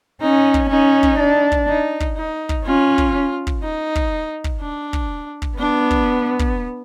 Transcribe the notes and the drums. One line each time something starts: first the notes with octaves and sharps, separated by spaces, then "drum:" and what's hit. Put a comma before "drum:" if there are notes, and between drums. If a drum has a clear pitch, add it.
C#4 D#4
drum: kick
C#4 D#4
drum: kick
D4
drum: kick
D#4
drum: kick
D#4
drum: kick
C#4 F4
drum: kick
drum: kick
D#4
drum: kick
drum: kick
D4
drum: kick
drum: kick
B3 D4
drum: kick
drum: kick